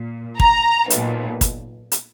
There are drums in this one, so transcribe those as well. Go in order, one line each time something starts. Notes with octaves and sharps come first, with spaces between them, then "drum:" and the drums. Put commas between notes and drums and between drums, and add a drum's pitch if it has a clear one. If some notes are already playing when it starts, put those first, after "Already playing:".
Already playing: A#2
A#5, drum: kick
B1 A#2, drum: hi-hat
drum: kick, hi-hat
drum: hi-hat